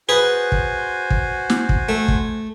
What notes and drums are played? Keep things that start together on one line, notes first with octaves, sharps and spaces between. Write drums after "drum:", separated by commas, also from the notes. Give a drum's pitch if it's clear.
F#4 G#4 B4 C5 G#5
drum: kick
drum: kick
drum: snare
drum: kick
A3
drum: kick